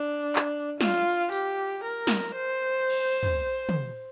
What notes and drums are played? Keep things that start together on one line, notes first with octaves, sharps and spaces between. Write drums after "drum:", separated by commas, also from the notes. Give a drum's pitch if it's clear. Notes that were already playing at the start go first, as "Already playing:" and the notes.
Already playing: D4
drum: clap
F4, drum: snare
G4, drum: tambourine
A#4
drum: snare
C5
drum: cymbal
drum: tom
drum: tom